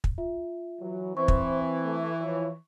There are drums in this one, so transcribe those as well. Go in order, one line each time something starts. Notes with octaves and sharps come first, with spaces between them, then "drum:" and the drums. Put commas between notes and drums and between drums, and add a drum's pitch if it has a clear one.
drum: kick
F4 E5
E3 F#3
E3 C4 C5 C#6
drum: kick
A3
F3 E4 C#5